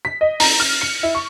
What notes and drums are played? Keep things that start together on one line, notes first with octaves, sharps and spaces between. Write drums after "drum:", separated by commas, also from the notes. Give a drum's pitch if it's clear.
B6
D#5
A#5, drum: open hi-hat
F6
C#7
E4
C#6